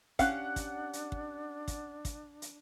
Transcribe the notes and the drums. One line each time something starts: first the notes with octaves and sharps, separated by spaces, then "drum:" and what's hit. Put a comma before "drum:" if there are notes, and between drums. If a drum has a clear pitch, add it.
C#4 D4 G4 F5 F#5 F#6, drum: kick, hi-hat
drum: kick, hi-hat
drum: hi-hat
drum: kick
drum: kick, hi-hat
drum: kick, hi-hat
drum: hi-hat